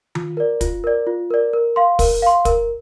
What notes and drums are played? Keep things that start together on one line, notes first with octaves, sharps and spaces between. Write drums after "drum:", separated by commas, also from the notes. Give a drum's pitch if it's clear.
F4, drum: tom D#3
A#4 D5
F4, drum: kick, hi-hat
A#4 D5
F4
A#4 D5
A#4
F5 C6
A#4, drum: kick, open hi-hat
F5 C6
A#4, drum: kick, hi-hat